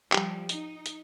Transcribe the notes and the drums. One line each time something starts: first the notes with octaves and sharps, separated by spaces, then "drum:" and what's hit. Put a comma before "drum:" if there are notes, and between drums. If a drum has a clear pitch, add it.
F3 G3 G4, drum: clap
D#4, drum: hi-hat
drum: hi-hat